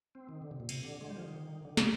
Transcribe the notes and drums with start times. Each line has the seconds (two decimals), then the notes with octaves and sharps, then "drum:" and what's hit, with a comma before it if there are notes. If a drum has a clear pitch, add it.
0.15 C4
0.29 D#3
0.42 D3
0.51 C3
0.60 A#2
0.69 C3, drum: cymbal
0.83 D3
1.01 G#3
1.09 G3
1.17 F3
1.24 D#3
1.65 D3
1.77 C3, drum: snare